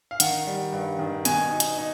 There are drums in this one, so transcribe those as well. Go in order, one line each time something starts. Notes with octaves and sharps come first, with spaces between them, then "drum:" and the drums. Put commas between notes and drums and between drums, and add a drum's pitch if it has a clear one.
F5
D#3 F#5, drum: hi-hat
G3
G2
D#3
B2 G#5, drum: hi-hat
D#4
drum: hi-hat
D#4